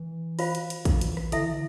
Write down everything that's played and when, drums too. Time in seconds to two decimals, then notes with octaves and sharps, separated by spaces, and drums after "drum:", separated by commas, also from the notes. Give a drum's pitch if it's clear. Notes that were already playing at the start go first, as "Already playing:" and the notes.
Already playing: E3
0.39 F4 C5 F5 B5, drum: open hi-hat
0.55 drum: hi-hat
0.70 drum: hi-hat
0.85 E3, drum: kick, hi-hat
1.01 drum: hi-hat
1.17 drum: rim click
1.32 D3 E4 A4 E5, drum: hi-hat
1.43 E3
1.53 D3